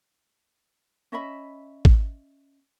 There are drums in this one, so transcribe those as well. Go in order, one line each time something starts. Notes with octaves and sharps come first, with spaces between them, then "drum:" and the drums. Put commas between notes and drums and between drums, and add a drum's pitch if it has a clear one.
C#4 D#5 E5 B5
drum: kick